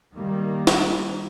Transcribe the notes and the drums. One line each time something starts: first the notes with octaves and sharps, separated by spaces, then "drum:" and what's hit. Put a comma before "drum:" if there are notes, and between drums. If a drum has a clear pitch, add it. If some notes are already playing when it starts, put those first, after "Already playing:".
D#3 G3 A#3
drum: snare